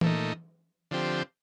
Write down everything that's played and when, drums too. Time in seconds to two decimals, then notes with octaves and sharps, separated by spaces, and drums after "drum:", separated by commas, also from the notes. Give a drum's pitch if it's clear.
0.01 A#2 A3 D#4, drum: tom E3
0.91 D3 F3 C4 G4